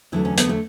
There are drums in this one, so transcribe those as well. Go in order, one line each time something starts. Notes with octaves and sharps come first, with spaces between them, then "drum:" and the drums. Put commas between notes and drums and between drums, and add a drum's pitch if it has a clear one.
E2 D3 F#3 A3 E4
C#4
B3, drum: hi-hat
A3